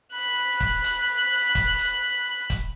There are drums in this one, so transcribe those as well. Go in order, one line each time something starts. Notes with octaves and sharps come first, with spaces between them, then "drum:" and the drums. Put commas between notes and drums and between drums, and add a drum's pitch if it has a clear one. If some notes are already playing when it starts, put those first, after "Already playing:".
B5 F#6
drum: kick
drum: hi-hat
drum: kick, hi-hat
drum: hi-hat
drum: kick, hi-hat